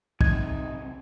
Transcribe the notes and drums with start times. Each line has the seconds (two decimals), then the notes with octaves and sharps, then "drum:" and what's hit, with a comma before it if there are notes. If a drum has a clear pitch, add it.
0.21 B1 C3 D#4 G#6, drum: kick